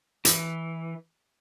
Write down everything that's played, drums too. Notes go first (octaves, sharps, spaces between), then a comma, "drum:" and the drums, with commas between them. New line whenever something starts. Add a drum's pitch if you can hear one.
E3, drum: hi-hat